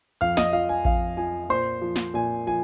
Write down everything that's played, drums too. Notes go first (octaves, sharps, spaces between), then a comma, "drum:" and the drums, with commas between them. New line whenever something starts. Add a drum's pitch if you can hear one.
F2 F5 F6
D#5 D#6, drum: snare
F3 F5
G#5
F2 F5, drum: kick A1
F3 G#5
A#2 C5 C6
F3
drum: snare
A#2 G#5
F3 G#5